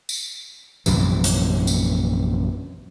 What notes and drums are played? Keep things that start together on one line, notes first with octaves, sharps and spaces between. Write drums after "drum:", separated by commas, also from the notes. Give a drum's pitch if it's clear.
drum: tambourine
A#1 F#2 C3 E3, drum: tambourine
drum: hi-hat
drum: tambourine